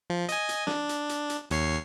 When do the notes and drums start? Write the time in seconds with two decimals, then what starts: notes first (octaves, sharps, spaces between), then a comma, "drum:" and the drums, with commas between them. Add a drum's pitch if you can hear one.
0.10 F3
0.29 D#5 G#5, drum: hi-hat
0.49 drum: hi-hat
0.67 D4, drum: snare
0.89 drum: hi-hat
1.09 drum: hi-hat
1.30 drum: hi-hat
1.50 D#2 C#5 C7, drum: hi-hat